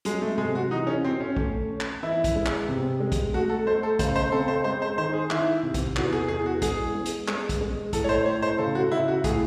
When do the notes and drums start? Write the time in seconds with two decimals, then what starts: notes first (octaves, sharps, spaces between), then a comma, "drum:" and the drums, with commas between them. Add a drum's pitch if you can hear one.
0.05 F#3 G#3, drum: hi-hat
0.22 A3
0.38 C3 G#3
0.55 F#4
0.71 E3 D#4
0.87 C#4
1.03 C4 F#4
1.21 C#4
1.37 A3, drum: kick
1.70 C#4
1.80 drum: clap
2.03 E3 E4
2.24 drum: kick, hi-hat
2.36 G#3
2.46 drum: clap
2.69 C3
3.00 G#3
3.12 drum: kick, hi-hat
3.34 A3 F#4
3.49 A4
3.66 A3 C5
3.83 A4
3.99 C#3 C5, drum: kick, hi-hat
4.16 C5
4.32 C4 A4
4.48 C5
4.64 G#3 C5
4.82 C5
4.98 D#3 C5
5.14 G#4
5.30 D#3 E4, drum: clap
5.63 C3
5.74 drum: kick, hi-hat
5.96 E2 F#4, drum: clap
6.13 G#4
6.28 E2 G#4
6.46 F#4
6.62 G#3 G#4, drum: kick, hi-hat
6.94 G#3
7.06 drum: hi-hat
7.28 G#3, drum: clap
7.49 drum: kick, hi-hat
7.61 G#3
7.93 A2 A4, drum: kick, hi-hat
8.04 C#5
8.09 C5
8.26 A2 C#5
8.42 C5
8.58 C#3 A4
8.75 F#4
8.92 C#3 E4
9.08 F#4
9.24 A2 G#4, drum: kick, hi-hat